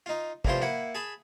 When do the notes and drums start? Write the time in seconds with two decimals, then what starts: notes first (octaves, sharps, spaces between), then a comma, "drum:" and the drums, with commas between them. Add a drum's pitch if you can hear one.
0.06 D#4 F4
0.45 C2 A2 E3 F3 F4 C5, drum: kick
0.62 A#3 E4 F#5
0.95 G#4 A5 B5